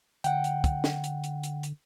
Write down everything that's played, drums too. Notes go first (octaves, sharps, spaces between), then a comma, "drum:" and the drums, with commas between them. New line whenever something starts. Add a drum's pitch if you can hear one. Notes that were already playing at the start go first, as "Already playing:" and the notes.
D3 F#5 G5, drum: hi-hat
drum: hi-hat
drum: kick, hi-hat
drum: snare
drum: hi-hat
drum: hi-hat
drum: hi-hat
drum: hi-hat